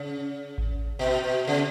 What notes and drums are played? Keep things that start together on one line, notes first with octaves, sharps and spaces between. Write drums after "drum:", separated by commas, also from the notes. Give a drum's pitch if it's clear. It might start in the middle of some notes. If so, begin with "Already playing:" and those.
Already playing: C#3
drum: kick A1
B2
B2
C#3